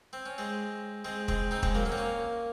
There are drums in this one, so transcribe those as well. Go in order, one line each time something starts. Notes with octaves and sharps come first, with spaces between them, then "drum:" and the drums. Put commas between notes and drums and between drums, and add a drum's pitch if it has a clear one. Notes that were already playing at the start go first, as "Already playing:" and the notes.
C4
C#4
G#3 C4
G#3 C4
G#3 C4, drum: kick
C4 D#4
G#3 C4, drum: kick
F#3 A#3
A#3 C#4
C4
A#3 C#4